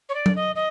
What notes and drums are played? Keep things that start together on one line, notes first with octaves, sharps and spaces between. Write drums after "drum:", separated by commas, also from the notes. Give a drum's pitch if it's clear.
C#5
D5
drum: tom F#3
D#5
D#5